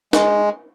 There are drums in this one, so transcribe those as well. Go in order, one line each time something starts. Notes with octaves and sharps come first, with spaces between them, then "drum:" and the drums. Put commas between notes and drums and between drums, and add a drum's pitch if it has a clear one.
G#3, drum: snare